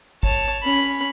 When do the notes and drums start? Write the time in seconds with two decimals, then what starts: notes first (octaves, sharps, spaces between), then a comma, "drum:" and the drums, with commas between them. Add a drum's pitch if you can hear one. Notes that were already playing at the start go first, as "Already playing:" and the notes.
0.23 C#5 A5, drum: kick
0.63 C#4 B5